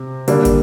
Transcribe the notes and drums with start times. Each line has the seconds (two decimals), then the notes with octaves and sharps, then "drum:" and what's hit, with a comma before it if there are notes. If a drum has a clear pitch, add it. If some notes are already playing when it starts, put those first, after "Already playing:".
Already playing: C3
0.28 D3 G3 A#3 D4, drum: hi-hat
0.45 drum: kick, hi-hat